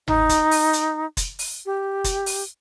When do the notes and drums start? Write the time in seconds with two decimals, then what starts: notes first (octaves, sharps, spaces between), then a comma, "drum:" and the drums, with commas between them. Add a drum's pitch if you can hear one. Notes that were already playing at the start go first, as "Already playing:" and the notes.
0.08 D#4, drum: tom G1
0.29 drum: kick, hi-hat
0.51 drum: open hi-hat
0.73 drum: hi-hat
1.17 drum: kick, hi-hat
1.39 drum: open hi-hat
1.66 G4
2.04 drum: kick, hi-hat
2.26 drum: open hi-hat